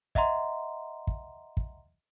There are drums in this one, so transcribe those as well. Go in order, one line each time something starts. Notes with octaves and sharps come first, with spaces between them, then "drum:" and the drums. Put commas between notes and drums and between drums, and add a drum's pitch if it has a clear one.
D#5 E5 F#5 A#5 C6, drum: kick
drum: kick
drum: kick